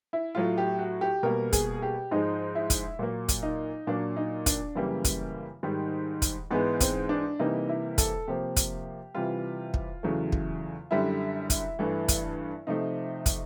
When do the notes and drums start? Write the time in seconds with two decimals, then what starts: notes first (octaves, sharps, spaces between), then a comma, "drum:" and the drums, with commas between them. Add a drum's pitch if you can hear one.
0.13 E4
0.35 A2 F#3 A3 F4
0.58 G4
0.79 F#4
1.01 G4
1.23 B2 G3 A#3 A#4
1.53 G#4, drum: kick, hi-hat
1.82 G4
2.11 G#2 F3 G#3 D#4
2.55 E4
2.70 drum: kick, hi-hat
2.99 A#2 F#3 A#3
3.29 drum: kick, hi-hat
3.43 D#4
3.87 A#2 F#3 A#3 D4
4.16 D#4
4.46 D4, drum: kick, hi-hat
4.75 F#2 C#3 E3 G3 A#3
5.04 drum: kick, hi-hat
5.63 G#2 D#3 G3
6.22 drum: kick, hi-hat
6.51 G#2 E3 G#3 B3
6.80 C4, drum: kick, hi-hat
7.09 D4
7.39 C3 E3 G3 A#3 D#4
7.69 E4
7.98 A4, drum: kick, hi-hat
8.28 C3 F3 A#3 G4
8.56 drum: kick, hi-hat
9.15 C3 E3 G3 F4
9.74 drum: kick
10.03 E2 C#3 F#3 A3
10.32 drum: kick
10.91 F#2 D3 G3 E4
11.50 drum: kick, hi-hat
11.79 G2 E3 A3
12.08 drum: kick, hi-hat
12.67 C3 F3 A3 D#4
13.26 drum: kick, hi-hat